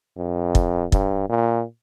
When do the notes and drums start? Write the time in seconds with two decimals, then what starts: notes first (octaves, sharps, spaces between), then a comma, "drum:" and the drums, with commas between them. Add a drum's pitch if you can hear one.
0.17 F2
0.55 drum: kick
0.92 G2, drum: kick
1.29 A#2